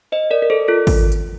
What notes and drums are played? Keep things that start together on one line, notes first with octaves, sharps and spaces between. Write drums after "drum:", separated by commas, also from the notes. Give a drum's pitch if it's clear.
C5 D#5
A#4 D5
A#4
A4 C5
F4 A4
drum: kick G#1, open hi-hat
drum: hi-hat